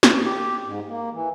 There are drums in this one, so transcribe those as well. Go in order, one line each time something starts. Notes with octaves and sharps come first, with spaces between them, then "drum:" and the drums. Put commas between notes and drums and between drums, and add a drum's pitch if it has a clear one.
drum: snare
G4
G#2
A#3
E3